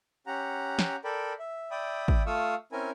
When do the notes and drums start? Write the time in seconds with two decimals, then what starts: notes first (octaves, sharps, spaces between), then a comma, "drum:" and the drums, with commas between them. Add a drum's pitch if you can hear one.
0.27 C#4 G4 F#5 A#5
0.79 drum: snare
1.04 A4 A#4 D5 G5 B5
1.39 E5
1.71 D5 E5 G5 B5 D#6
2.08 drum: kick
2.26 A3 F4 F5 C#6 D#6 E6
2.72 C4 C#4 E4 A#4 G#5